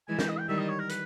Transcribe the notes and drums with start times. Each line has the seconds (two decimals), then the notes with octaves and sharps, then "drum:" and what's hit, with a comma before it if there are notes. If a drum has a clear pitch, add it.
0.08 E3 G#3 G#5
0.19 G5, drum: snare
0.29 D#5
0.39 G5
0.49 D#3 G3 E5
0.58 D#5
0.68 C#5
0.79 A#4
0.89 B4, drum: hi-hat